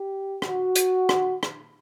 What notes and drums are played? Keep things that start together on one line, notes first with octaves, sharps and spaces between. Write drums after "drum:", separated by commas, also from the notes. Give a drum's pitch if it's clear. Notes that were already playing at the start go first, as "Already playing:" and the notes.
Already playing: G4
F#4, drum: rim click
drum: hi-hat
drum: rim click
drum: rim click